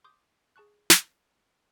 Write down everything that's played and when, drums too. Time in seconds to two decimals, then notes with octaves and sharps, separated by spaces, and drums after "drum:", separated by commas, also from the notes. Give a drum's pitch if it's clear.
0.04 C6 D6 D#6 G6
0.56 G#4 A5 C#6 F#6
0.90 drum: snare